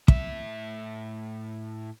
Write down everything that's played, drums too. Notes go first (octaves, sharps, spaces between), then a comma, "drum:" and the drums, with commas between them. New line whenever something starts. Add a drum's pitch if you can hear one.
A2 E5, drum: kick